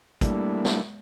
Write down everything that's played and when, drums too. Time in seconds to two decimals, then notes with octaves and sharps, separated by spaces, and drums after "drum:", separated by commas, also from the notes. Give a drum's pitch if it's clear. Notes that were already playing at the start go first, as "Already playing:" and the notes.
0.21 G3 A3 A#3 D4 E4, drum: kick, hi-hat
0.65 drum: snare